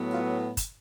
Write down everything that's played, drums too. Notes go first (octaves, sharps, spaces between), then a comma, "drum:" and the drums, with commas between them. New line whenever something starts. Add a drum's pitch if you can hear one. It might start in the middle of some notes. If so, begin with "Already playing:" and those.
Already playing: A2 F#3 B3
F4
drum: kick, hi-hat